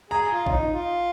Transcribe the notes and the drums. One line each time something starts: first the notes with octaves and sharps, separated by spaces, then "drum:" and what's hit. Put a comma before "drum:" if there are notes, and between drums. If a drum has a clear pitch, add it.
G#4 A#5
F4
C#4, drum: kick A1
D#4
F4